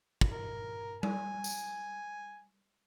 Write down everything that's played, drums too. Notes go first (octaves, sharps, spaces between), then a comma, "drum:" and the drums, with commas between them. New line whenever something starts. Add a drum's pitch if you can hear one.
drum: kick
A#4
G#5, drum: tom G3
drum: tambourine